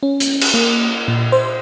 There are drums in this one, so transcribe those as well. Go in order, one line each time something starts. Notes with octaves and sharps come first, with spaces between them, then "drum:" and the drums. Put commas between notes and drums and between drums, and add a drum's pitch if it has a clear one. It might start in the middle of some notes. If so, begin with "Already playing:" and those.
C#4
drum: hi-hat
drum: cymbal
A#3
A#2
C5